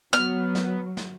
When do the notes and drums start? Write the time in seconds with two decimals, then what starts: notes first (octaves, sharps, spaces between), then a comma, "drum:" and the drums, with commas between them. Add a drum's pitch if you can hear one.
0.13 F#3 B3 F6, drum: snare
0.55 drum: snare
0.97 drum: snare